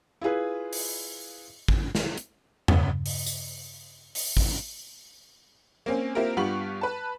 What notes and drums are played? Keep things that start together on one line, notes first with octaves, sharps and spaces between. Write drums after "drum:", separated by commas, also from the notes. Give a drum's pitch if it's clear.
E4 F4 G#4 B4
drum: open hi-hat
drum: kick
drum: snare
drum: hi-hat
G2 C#3, drum: tom E2
drum: open hi-hat
drum: tambourine
drum: open hi-hat
drum: kick
A#3 C4 C#4
A#3 C4 E4 F4 G4 A#4
G2 B3 F4 G4 C#6 F#7
B4 A5